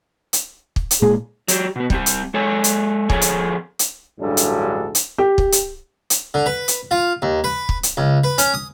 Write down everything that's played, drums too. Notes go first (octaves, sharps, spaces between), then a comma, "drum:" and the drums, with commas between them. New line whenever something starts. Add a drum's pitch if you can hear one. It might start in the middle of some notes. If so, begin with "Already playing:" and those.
drum: hi-hat
drum: kick
drum: hi-hat
A#2 G#3 G#4
F#3 G4, drum: hi-hat
B2 B3
G3 C4 G4, drum: kick
drum: hi-hat
G#3 A4 C#5 G#5
drum: hi-hat
F2 G#4 A4 C#5 G#5, drum: kick
drum: hi-hat
drum: hi-hat
A1 D2 G2 F#3 G#3 A4
drum: hi-hat
drum: hi-hat
G4
drum: kick
drum: hi-hat
drum: hi-hat
D3
B4
drum: hi-hat
F4
D#2
B4
drum: kick
drum: hi-hat
C#2
B4
C#4, drum: hi-hat
D#6